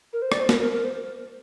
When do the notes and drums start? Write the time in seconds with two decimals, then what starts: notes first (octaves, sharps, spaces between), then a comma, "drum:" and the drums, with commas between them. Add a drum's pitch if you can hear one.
0.13 A#4
0.22 C5
0.32 D5, drum: rim click
0.40 C5
0.49 A#4, drum: snare
0.60 A#4
0.73 A#4
0.84 C5